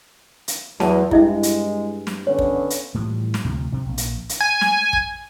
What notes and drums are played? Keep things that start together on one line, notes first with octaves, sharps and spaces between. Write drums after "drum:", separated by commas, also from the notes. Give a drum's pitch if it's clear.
drum: hi-hat
E2 F#3 A5, drum: snare
G2 G#3 E4 D#5 E5, drum: kick
drum: hi-hat
drum: snare
D3 B3 C#4 C#5
drum: kick
drum: hi-hat
A2 E3 F3 G3
drum: snare
D2 C3 F3
C3 C4
A#1
drum: hi-hat
drum: hi-hat
G#5
drum: snare
drum: kick